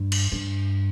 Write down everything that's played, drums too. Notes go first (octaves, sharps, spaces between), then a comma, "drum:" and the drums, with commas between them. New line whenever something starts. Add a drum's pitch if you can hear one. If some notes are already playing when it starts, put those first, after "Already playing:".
Already playing: G2
drum: cymbal
G2